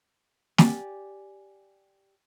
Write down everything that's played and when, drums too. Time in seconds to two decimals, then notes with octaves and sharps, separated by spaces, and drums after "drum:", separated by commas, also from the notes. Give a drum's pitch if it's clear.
0.58 G4 D5 G#5, drum: snare